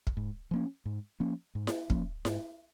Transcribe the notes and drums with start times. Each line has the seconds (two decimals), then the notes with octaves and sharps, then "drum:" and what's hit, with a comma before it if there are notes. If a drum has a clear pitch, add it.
0.07 drum: kick
0.17 G#2
0.51 F3 A#3 C#4
0.86 G#2
1.20 F3 A#3 C#4
1.55 G#2
1.67 drum: snare E4
1.90 F3 A#3 C#4, drum: kick
2.25 G#2, drum: snare E4